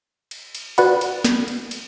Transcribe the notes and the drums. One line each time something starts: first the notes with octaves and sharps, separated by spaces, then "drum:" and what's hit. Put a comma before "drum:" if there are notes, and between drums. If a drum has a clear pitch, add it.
drum: cymbal
drum: cymbal
F#4 B4 D5 F#5 B5, drum: cymbal
drum: cymbal
drum: snare
drum: cymbal
drum: cymbal